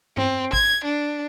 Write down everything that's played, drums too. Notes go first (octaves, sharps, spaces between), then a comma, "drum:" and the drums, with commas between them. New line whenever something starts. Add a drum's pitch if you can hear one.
C4, drum: tom G2
G#6, drum: kick A1
D4